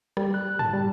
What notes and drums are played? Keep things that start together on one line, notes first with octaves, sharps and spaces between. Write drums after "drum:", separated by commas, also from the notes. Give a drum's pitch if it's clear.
G3, drum: rim click
F#6
A5, drum: tom
G3